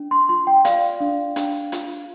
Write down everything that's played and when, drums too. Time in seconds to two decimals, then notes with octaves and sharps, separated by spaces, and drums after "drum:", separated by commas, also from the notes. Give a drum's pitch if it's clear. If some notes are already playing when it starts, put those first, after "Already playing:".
Already playing: D4
0.11 C6
0.29 F4 C6
0.47 G5
0.65 D5 F5, drum: hi-hat
1.01 D4
1.36 D4, drum: hi-hat
1.72 F4, drum: hi-hat